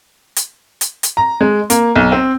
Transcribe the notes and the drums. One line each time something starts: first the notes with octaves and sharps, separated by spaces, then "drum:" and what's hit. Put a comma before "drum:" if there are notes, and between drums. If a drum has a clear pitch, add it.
drum: hi-hat
drum: hi-hat
drum: hi-hat
A#5
G#3
A#3, drum: hi-hat
B1
C4